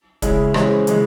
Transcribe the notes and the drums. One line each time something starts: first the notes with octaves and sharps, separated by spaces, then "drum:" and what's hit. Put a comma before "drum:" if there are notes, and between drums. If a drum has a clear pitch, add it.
C#3 G#3 C#4 E4 G#4, drum: kick, hi-hat
E3 G#3 C#4 G#4 C5, drum: rim click
C#3 E3 G#3, drum: hi-hat